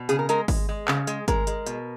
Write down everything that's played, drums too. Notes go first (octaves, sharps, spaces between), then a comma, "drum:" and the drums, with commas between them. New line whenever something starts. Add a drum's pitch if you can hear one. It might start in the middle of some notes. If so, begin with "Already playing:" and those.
Already playing: B2
C#3 G#4, drum: hi-hat
A#4
G#3 A#4, drum: hi-hat
G#3, drum: kick G#1, open hi-hat
G#3
C#3, drum: clap
G#3, drum: hi-hat
G#3 A#4, drum: kick G#1, hi-hat
G#3, drum: hi-hat
B2, drum: hi-hat